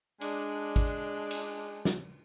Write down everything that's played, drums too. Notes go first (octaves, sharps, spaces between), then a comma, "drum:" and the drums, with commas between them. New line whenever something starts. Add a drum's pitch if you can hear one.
G#3 D4, drum: cymbal
drum: kick G#1, cymbal
drum: cymbal
drum: snare